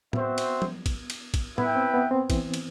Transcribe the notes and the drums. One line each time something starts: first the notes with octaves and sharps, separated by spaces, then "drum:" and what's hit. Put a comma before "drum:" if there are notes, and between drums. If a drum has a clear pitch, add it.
B3 C4 F#4 C5 E5, drum: tom
drum: cymbal
drum: tom
drum: kick, cymbal
drum: cymbal
drum: kick, cymbal
B3 E4 B4 E5 G5, drum: tom
C4
B3
C4
E3, drum: kick, cymbal
drum: cymbal